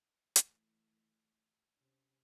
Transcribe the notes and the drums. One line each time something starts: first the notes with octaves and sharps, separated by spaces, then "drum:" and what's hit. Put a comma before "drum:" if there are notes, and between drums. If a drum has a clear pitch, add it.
E3 A3, drum: hi-hat
C3 C#4